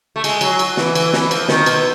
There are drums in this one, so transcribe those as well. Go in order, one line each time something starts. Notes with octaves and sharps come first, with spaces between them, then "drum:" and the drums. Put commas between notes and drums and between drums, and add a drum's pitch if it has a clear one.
A3
G#3, drum: cymbal
F#3, drum: cymbal
drum: cymbal
E3, drum: snare
E3, drum: cymbal
E3, drum: snare
F3, drum: cymbal
D#3, drum: snare
B2, drum: cymbal